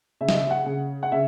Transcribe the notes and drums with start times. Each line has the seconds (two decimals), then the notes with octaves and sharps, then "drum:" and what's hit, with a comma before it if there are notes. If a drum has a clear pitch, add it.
0.21 C#3 E5
0.29 D#5, drum: snare
0.35 E5
0.51 F#5
0.66 C#3
1.03 F#5
1.12 C#3 E5